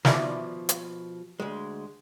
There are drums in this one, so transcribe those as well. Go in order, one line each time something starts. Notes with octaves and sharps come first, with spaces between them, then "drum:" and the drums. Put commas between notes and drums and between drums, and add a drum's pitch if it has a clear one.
B2 D#3 F3 E4 D5, drum: snare
drum: hi-hat
D2 G#3